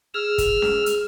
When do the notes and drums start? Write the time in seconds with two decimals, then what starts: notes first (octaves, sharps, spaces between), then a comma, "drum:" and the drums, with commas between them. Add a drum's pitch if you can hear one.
0.14 G#4 E6 F6
0.38 drum: kick, hi-hat
0.62 drum: snare C#4
0.86 drum: hi-hat